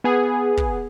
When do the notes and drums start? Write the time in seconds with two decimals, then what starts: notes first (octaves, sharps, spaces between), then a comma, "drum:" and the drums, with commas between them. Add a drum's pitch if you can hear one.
0.04 B3 G#4
0.57 drum: kick